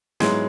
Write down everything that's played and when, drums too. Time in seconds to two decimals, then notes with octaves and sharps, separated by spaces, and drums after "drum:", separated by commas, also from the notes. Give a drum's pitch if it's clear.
0.20 G#2 F#3 G#3 B3 E4, drum: snare